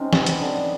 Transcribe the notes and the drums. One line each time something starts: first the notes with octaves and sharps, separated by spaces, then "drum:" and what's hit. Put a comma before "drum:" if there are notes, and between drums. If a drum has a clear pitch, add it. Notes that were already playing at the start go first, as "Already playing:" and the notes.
Already playing: C3 G#3 C#4 D#4
B3, drum: snare
drum: hi-hat
D3